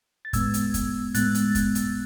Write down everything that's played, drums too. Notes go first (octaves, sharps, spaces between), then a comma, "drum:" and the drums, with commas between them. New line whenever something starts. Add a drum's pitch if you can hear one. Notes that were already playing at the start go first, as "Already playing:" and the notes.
A6
A2 G#3 B3 E6 G#6, drum: kick, hi-hat
drum: hi-hat
drum: kick, hi-hat
A2 G#3 B3 F#6 A6, drum: hi-hat
drum: hi-hat
drum: kick, hi-hat
drum: hi-hat